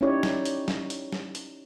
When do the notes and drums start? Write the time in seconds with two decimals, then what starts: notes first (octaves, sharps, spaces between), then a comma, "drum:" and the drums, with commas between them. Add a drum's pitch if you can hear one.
0.01 C#4 D#4 E4 G4 C#5 D5
0.23 drum: snare
0.45 drum: hi-hat
0.68 drum: snare
0.90 drum: hi-hat
1.12 drum: snare
1.35 drum: hi-hat